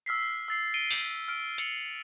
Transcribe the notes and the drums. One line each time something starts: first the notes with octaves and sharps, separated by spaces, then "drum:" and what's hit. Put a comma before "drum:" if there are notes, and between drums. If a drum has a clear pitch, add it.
E6 F6 B6 C7
E6 A6 C7
C7 D7 D#7 G7
drum: open hi-hat
F6 D7
C7 C#7 F7 F#7, drum: hi-hat